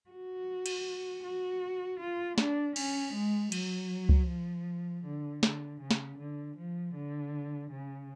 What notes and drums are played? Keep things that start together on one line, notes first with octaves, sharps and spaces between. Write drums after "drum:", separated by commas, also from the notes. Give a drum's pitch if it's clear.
F#4
drum: cymbal
F#4
F4
D4, drum: snare
C#4, drum: cymbal
G#3
F#3, drum: cymbal
drum: kick C#2
F3
D3
D3, drum: snare
C#3
drum: snare
D3
F3
D3
C#3